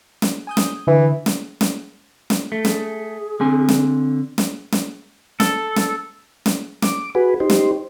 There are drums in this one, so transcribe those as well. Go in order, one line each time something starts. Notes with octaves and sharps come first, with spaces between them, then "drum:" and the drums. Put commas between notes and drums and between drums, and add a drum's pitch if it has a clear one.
drum: snare
G#5 D#6 G6
drum: snare
D3 E3
drum: snare
drum: snare
drum: snare
A3
G#4, drum: snare
D3 C4 G#5
drum: snare
drum: snare
drum: snare
A4, drum: snare
drum: snare
drum: snare
D6, drum: snare
F#4 G#4 B4
D#4 G4 C5
drum: snare